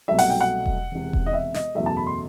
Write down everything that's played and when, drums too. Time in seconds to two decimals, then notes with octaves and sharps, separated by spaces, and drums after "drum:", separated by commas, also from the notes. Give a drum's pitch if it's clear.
0.08 C2 B2 F#3 A3 E5
0.19 F#5, drum: open hi-hat
0.30 G5
0.41 F#5
0.66 drum: kick E1
0.92 E1 E2 C3
1.13 drum: kick E1
1.26 D#5
1.33 E5
1.54 D#5, drum: snare
1.75 F#1 E2 B2 F#3 A3 E5
1.86 A5
1.97 B5
2.07 C6